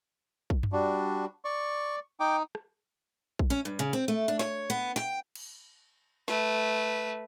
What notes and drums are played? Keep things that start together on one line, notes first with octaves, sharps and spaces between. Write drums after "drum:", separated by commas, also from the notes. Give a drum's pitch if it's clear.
drum: kick A#1
drum: tom F#2
G3 D4 F#4
D5 C#6
D#4 G5 D6
drum: rim click
drum: kick A#1
C#4
G2
C#3
C4
A3
D4
C#5, drum: snare
B3
G5, drum: snare
drum: cymbal
A3 B4, drum: snare